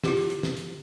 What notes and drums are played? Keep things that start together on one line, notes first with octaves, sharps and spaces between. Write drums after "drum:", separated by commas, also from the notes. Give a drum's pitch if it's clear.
E4 F4 G4, drum: snare
drum: open hi-hat
drum: hi-hat
drum: snare
drum: hi-hat